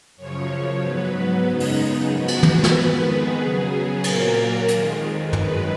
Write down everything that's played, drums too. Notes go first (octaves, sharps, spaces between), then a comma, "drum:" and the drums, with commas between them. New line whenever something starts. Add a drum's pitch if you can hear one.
F#2 C#3 F3 C#5
G#2 F#3 B3 B4
F#2 C#3 G#3 B3 D#4
drum: open hi-hat
D#4
G#2 F3 B3 F#4
drum: cymbal
B4, drum: tom
drum: snare
F2 D#3 G#3 B3 B4
G#4
C#3 F#3 B3
G#4
A#2 F#3 A#3 A#4, drum: cymbal
F2 D#3 G#3, drum: hi-hat
F#2 D#3 G#3 B4, drum: tom